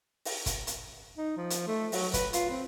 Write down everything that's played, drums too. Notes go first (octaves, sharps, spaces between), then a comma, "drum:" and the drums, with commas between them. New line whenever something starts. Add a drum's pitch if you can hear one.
drum: open hi-hat
drum: kick, hi-hat
drum: hi-hat
D#4
F3
drum: hi-hat
A3
F#3, drum: open hi-hat
B4, drum: kick, hi-hat
F4, drum: hi-hat
C4